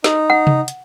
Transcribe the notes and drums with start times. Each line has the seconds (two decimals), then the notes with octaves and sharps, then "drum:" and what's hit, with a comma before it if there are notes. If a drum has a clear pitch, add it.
0.04 D#4, drum: snare
0.30 F#5
0.47 drum: tom C3
0.68 drum: hi-hat